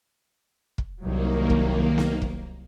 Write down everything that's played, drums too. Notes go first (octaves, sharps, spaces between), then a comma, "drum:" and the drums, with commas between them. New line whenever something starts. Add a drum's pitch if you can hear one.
drum: kick
C2 D#3 F#3 A#3
drum: kick
drum: snare B3
drum: kick